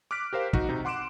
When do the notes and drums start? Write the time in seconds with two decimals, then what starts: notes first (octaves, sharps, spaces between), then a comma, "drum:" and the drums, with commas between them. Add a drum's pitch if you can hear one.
0.11 D6 F6 F#6 B6 D7
0.33 G4 A#4 C5 F5
0.53 D#4 F#4, drum: kick
0.69 C3 D#4
0.85 F#5 C6 D6 F#6 D7 E7